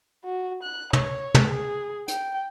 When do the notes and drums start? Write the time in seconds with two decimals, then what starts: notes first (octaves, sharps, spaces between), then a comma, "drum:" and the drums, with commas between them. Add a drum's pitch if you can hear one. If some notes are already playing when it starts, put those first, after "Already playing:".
0.24 F#4
0.63 F#6
0.93 C#5, drum: tom
1.35 drum: tom
1.48 G#4
2.08 G5, drum: hi-hat